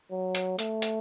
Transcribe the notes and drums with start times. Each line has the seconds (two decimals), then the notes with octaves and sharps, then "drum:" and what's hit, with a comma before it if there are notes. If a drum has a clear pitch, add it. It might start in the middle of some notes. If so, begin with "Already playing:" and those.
0.11 F#3
0.35 drum: hi-hat
0.59 A3, drum: hi-hat
0.82 drum: hi-hat